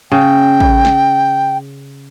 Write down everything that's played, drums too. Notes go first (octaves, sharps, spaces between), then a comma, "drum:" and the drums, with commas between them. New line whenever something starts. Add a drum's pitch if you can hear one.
C#3 G5
drum: kick
drum: snare